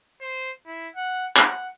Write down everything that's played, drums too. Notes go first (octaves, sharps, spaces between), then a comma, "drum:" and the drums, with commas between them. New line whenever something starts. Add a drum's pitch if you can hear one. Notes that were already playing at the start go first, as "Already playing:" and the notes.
C5
E4
F#5
F#5, drum: clap